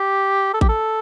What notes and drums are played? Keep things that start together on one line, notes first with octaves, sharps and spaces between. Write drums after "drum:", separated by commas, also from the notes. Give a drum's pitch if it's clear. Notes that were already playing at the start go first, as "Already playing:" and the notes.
Already playing: G4
A4
G4, drum: kick A1
A4